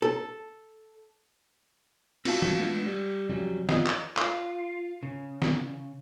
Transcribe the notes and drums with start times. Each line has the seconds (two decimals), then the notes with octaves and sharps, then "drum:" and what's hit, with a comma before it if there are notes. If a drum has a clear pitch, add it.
0.02 A4
2.25 C4 F4 F#4 F5 A5, drum: cymbal
2.42 drum: tom E3
2.59 G#3 A3 B3 D4 F4
2.86 G3
3.30 F2 C#3 F#3 G3
3.69 F2 F4 D#5, drum: snare
3.86 drum: clap
4.17 F4, drum: clap
5.03 C#3
5.42 drum: snare